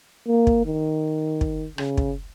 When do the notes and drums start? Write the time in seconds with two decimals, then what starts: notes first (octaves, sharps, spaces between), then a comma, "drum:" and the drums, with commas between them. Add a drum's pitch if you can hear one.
0.27 A#3
0.47 drum: kick
0.65 D#3
1.41 drum: kick
1.78 C#3, drum: rim click
1.97 drum: kick